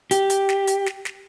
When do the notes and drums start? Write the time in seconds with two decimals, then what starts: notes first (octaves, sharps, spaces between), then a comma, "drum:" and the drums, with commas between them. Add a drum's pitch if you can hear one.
0.11 G4, drum: hi-hat
0.30 drum: hi-hat
0.49 drum: snare
0.67 drum: hi-hat
0.86 drum: snare
1.05 drum: snare